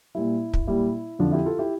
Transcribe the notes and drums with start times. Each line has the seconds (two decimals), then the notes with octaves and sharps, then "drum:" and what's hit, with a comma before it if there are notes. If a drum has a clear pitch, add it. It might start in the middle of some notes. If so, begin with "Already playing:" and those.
0.15 A#2 G3 E4
0.54 drum: kick
0.67 A#2 G3 E4
1.19 F2 D3 F3 D4 F4
1.32 E4 G4
1.46 F4 A4
1.59 E4 G4